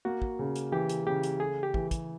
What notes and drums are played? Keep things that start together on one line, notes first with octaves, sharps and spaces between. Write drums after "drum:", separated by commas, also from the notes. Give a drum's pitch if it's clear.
A#3 F#4
drum: kick
C#3
drum: hi-hat
E3 G4
drum: hi-hat
C#3 G4
drum: hi-hat
A3 G#4
G4
E3, drum: kick
drum: kick, hi-hat